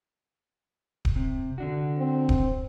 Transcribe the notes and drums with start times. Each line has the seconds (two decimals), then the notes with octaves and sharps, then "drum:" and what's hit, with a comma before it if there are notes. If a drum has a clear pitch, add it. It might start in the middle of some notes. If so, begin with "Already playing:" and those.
1.05 drum: kick D1
1.16 C3
1.58 D3 D4 F#4
1.98 C4
2.29 drum: kick D1